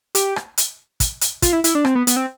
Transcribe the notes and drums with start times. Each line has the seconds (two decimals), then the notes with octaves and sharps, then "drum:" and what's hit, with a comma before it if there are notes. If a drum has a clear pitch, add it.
0.15 G4, drum: hi-hat
0.36 drum: rim click
0.58 drum: hi-hat
1.00 drum: kick, hi-hat
1.21 drum: hi-hat
1.42 F4, drum: kick, hi-hat
1.53 E4
1.64 E4, drum: hi-hat
1.75 D4
1.85 C4, drum: rim click
1.95 B3
2.07 B3, drum: hi-hat
2.16 C4